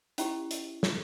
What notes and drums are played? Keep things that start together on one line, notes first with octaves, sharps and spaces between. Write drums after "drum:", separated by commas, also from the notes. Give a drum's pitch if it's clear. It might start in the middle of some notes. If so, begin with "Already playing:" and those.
C#4 E4 G4, drum: hi-hat
drum: hi-hat
drum: snare